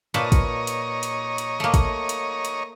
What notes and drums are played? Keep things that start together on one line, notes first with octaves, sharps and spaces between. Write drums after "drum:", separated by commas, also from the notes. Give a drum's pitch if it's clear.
A#2 B4 C#5 D#5 A5 A#5
drum: kick, hi-hat
drum: hi-hat
drum: hi-hat
drum: hi-hat
A3 A#3
drum: kick, hi-hat
drum: hi-hat
drum: hi-hat